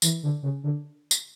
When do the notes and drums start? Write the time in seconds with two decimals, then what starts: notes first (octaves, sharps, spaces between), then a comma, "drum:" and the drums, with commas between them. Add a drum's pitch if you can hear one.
0.02 E3, drum: tambourine
0.23 D3
0.43 C#3
0.64 D3
1.11 drum: tambourine